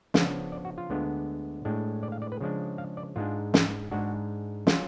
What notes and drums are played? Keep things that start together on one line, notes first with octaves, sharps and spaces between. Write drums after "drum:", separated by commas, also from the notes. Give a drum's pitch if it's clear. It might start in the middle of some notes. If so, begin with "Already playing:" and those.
C#3 F3 B3 D4 F5, drum: snare
D5
F#4
F4
D2 D3 G#3 B3 D4
A2 G#3 D4
D5
F5
D5
B4
C#3 F3 G#3 D4
F5
D5
G#2 G#3 D4 F4
drum: snare
G#2 G#3 D4 F#4
F#3 C#4 F4, drum: snare